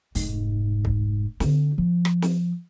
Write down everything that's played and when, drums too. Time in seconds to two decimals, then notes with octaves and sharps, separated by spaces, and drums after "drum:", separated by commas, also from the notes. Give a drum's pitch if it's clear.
0.15 F1 G#2, drum: open hi-hat
0.85 drum: kick C2
1.40 D3 C4, drum: snare
1.78 F3
2.05 drum: rim click
2.22 drum: snare